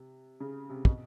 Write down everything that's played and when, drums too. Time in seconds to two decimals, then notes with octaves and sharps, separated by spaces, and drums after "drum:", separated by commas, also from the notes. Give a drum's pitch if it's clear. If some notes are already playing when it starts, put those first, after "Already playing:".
Already playing: C3
0.40 C#3
0.70 C3
0.85 B2, drum: kick